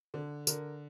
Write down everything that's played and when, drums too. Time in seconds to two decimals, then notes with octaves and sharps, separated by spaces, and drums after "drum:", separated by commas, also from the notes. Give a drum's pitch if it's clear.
0.14 D3
0.47 D3 A#4, drum: tambourine